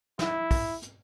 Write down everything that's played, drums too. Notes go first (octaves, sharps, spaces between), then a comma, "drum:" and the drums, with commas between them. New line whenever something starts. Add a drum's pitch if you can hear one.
E4, drum: snare
drum: kick, open hi-hat
drum: hi-hat